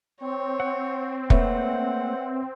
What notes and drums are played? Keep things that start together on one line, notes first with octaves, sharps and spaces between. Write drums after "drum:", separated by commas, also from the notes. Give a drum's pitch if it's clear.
C4 C#5
F#5
A3 A#3 B4 C#5 E5 F#5, drum: kick